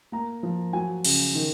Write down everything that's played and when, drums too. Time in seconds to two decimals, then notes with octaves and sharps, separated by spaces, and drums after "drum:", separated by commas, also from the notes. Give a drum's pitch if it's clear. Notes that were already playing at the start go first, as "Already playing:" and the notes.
0.12 A#3 A#5
0.43 F3
0.73 F#3 G#5
1.04 C#3, drum: cymbal
1.34 D#3